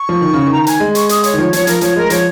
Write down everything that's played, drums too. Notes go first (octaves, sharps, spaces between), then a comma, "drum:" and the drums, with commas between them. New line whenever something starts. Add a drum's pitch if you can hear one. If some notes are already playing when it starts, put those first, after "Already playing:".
Already playing: C#6
F3
D#3
C#3
D#3 A#5
A#5
G#5, drum: hi-hat
G#3
C#6, drum: hi-hat
D#6, drum: hi-hat
C#5, drum: hi-hat
D#3
F3 C#5
F3 C#5, drum: hi-hat
F3 A#4, drum: hi-hat
F3 C#5, drum: hi-hat
G#3 A#4
F3 C#5, drum: hi-hat